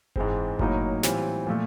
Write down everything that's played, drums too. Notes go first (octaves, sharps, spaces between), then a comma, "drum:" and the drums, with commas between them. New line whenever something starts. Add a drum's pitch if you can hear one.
G#2 E3 G#3 C4, drum: kick F#1
A2 F#3 A#3 D#4, drum: kick F#1
A2 E3 G3 C4 F4, drum: snare
A#2 F3 A3